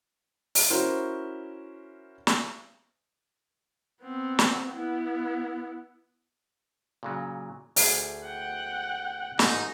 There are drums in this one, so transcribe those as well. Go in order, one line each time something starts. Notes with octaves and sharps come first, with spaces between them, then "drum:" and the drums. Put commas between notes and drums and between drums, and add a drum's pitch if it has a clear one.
drum: open hi-hat
C#4 E4 F#4 A#4 C5
drum: snare
B3 C4
drum: snare
B3 E4
A#2 C#3 F#3
D2 G3 G#4, drum: open hi-hat
F#5 G5
A1 G#2 D#4, drum: snare